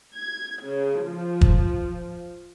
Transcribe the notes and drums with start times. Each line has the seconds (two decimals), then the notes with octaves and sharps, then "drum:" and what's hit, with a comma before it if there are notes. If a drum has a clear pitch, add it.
0.16 G#6
0.62 C#3
1.04 F3
1.41 drum: kick